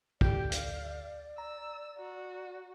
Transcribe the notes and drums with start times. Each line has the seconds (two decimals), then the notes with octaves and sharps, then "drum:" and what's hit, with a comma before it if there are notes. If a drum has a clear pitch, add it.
0.21 D2 G4 D5 G6, drum: kick
0.52 F5, drum: hi-hat
1.38 A#5 E6
1.98 F#4